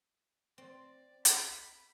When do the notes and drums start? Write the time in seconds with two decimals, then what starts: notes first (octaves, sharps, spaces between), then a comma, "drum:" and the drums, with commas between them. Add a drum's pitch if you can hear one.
0.58 C4 D5
1.25 B5, drum: hi-hat